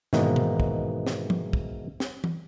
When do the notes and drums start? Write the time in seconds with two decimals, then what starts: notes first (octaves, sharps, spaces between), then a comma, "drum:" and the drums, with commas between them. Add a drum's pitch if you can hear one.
0.13 G#2 B2 D#3 E3 A#3 D#4, drum: snare
0.36 drum: tom B2
0.60 drum: kick
1.07 drum: snare
1.30 drum: tom
1.53 drum: kick
2.00 drum: snare
2.24 drum: tom E3